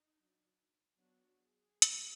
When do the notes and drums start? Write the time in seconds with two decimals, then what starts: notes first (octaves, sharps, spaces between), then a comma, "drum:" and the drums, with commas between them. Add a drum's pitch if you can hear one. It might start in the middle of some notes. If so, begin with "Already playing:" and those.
Already playing: D#4
0.15 F#3 D4
0.98 F#3 B3 D4 F#4
1.41 G#4
1.82 D#3 F#3 A#3 D4, drum: hi-hat